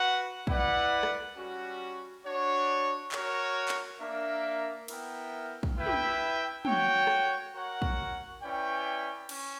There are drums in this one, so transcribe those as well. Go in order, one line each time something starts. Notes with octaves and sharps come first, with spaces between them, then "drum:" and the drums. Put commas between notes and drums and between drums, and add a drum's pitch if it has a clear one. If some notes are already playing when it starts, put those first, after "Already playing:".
Already playing: F#4 B4 F#5
E4 B4 D5 F#5, drum: kick
drum: rim click
G3 C#4 F#4
D4 F#4 C#5
F#4 A#4 C#5, drum: clap
drum: clap
A#3 D4 A#4 E5
B3 E4 A#4 E5 G5, drum: cymbal
drum: kick
E4 B4 E5 G5
drum: tom
F#4 C#5 G5, drum: tom
drum: rim click
F#4 A#4 C#5 F#5
drum: kick
C#4 E4 B4 D5 G5
C#4, drum: cymbal